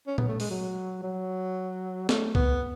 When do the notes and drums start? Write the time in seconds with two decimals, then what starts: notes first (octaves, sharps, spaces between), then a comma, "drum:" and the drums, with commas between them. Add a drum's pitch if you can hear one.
0.07 C#4
0.18 B3, drum: tom A#2
0.29 A3
0.40 G#3, drum: open hi-hat
0.50 F#3
1.03 F#3
2.09 A3, drum: snare
2.35 B3, drum: kick C#2